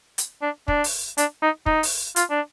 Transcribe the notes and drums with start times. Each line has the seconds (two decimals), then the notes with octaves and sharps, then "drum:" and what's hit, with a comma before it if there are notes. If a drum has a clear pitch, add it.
0.18 drum: hi-hat
0.42 D4
0.68 D4, drum: kick
0.84 drum: open hi-hat
1.18 D4, drum: hi-hat
1.42 D#4
1.66 D#4, drum: kick
1.83 drum: open hi-hat
2.16 F4, drum: hi-hat
2.30 D4